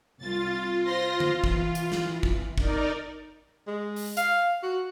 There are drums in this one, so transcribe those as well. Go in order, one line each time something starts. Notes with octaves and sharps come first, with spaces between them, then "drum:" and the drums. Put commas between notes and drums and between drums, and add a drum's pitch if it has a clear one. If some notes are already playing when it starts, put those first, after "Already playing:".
C2 F4 A6
C5 C6 A#6
drum: tom D3
E3, drum: kick
drum: hi-hat
drum: snare
drum: kick
D#4 A#4 D5, drum: kick
G#3
drum: open hi-hat
F5, drum: hi-hat
F#4